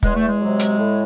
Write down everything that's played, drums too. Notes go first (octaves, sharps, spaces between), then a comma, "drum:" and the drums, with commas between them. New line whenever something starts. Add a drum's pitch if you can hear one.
E2 G#3, drum: kick
A3
G#3
F#3
C3
drum: hi-hat
A2